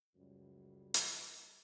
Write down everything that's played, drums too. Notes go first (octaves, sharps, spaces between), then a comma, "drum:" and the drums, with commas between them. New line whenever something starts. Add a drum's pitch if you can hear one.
C#2 F#2 G3
drum: hi-hat